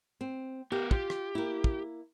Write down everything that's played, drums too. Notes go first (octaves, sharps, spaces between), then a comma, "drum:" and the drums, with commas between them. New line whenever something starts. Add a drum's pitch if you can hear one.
C4
B3 G4 A#4
F4 G4, drum: kick
drum: rim click
A#3 E4
drum: kick